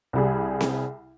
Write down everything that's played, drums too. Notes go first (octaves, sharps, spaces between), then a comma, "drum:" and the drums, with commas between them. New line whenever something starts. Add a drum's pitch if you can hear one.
C2 G3 G#4
drum: snare C4